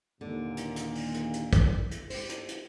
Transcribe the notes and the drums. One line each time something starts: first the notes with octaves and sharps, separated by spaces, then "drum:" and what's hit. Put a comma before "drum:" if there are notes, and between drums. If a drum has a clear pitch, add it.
D#2 A#2 D3
drum: hi-hat
drum: hi-hat
drum: open hi-hat
drum: hi-hat
drum: hi-hat
drum: kick, hi-hat
drum: hi-hat
G4 C5, drum: open hi-hat
drum: hi-hat
drum: hi-hat